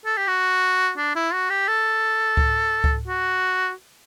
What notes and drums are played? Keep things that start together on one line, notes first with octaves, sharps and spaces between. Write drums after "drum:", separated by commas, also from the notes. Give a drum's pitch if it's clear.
A4
G4
F#4
D4
E4
F#4
G4
A4
drum: kick C#2
drum: kick C#2
F#4